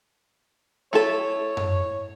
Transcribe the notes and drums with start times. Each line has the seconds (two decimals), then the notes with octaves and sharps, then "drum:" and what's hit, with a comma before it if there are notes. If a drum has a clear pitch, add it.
0.93 A3 E4 A4 C#5
1.57 drum: tom F#2